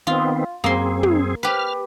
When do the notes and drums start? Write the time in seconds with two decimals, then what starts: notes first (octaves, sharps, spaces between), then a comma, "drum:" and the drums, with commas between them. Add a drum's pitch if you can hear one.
0.07 D#3 B3 C4 F4
0.64 F#2 A#3 C4 G#4 C6
1.03 drum: tom
1.43 G4 B4 F6